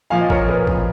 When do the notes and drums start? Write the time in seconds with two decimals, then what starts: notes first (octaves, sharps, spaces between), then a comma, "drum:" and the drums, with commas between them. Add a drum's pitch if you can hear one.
0.10 A#2 F3 F5 G#5
0.21 D#5
0.30 A#4 C#5, drum: kick G#1
0.48 G#4 B4
0.67 A#2 F3, drum: kick G#1